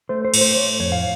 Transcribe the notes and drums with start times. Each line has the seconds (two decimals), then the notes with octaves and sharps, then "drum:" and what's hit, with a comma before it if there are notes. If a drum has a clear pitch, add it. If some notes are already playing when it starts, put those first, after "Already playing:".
0.09 A3 C5
0.25 C5
0.34 A2, drum: cymbal
0.41 C5
0.56 A3 C#5
0.80 F2 C#5
0.92 F5